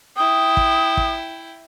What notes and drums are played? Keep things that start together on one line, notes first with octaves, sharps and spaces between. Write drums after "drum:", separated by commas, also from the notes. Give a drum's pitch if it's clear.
E4 G5 D#6
drum: kick
drum: kick